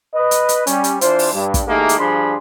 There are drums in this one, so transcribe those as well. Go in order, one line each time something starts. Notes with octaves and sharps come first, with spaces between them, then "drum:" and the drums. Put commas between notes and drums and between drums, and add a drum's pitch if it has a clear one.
B4 D#5
drum: hi-hat
drum: hi-hat
G3 C#4, drum: hi-hat
drum: hi-hat
E3 D4 F4 C5, drum: hi-hat
drum: open hi-hat
G2
drum: kick, hi-hat
E3 A3 A#3 D#4 G4 G#4
drum: hi-hat
G2 F3 D4 G#4 B5 C6